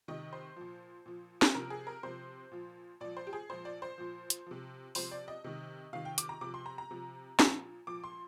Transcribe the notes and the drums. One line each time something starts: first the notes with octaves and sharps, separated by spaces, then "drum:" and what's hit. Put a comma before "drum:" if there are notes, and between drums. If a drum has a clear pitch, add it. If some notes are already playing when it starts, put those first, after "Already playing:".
C3 D#3 D#5
C5
A#2 F3
A#2 F3
drum: snare
C3 F3 A#4
G#4
A#4
C3 F3 C5
A#2 F3
A#2 F3 D5
C5
G4
G#4
A#2 F3 C5
D5
C5
A#2 F3
drum: hi-hat
C3 F3
C3 F3 C5, drum: open hi-hat
D5
D#5
C3 D#3
C3 D#3 F5
G5
D6, drum: hi-hat
A#5
C3 F3 D6
C6
A#5
A#5
C3 F3
A#2 F3, drum: snare
A#2 F3 D6
C6